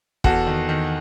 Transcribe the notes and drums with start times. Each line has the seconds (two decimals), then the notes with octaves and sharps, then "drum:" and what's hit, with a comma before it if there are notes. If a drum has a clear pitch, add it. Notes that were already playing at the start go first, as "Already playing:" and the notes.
0.24 E2 F#4 A4, drum: kick
0.47 D#3
0.69 D#3